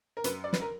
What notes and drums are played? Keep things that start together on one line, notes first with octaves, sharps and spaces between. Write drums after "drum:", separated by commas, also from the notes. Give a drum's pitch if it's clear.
A#4
F#2 B4, drum: hi-hat
D5
B4, drum: snare
A#4